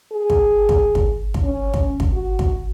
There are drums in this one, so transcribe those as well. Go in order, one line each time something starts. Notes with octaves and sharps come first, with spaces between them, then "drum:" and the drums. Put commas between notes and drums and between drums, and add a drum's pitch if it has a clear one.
G#4
drum: kick
drum: kick
drum: kick
drum: kick
C#4
drum: kick
drum: kick
F#4
drum: kick